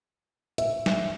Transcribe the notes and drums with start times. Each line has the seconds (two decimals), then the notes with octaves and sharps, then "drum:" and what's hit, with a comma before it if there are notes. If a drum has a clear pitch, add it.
0.58 E5, drum: hi-hat
0.86 drum: snare